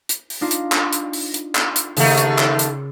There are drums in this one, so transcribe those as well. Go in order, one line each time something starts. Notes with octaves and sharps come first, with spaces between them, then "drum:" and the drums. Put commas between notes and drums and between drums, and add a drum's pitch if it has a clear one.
drum: hi-hat
drum: open hi-hat
D4 D#4 F4
drum: hi-hat
drum: clap
drum: hi-hat
drum: open hi-hat
drum: hi-hat
drum: clap
drum: hi-hat
D#2 C#3 A3, drum: open hi-hat
drum: hi-hat
drum: clap
drum: hi-hat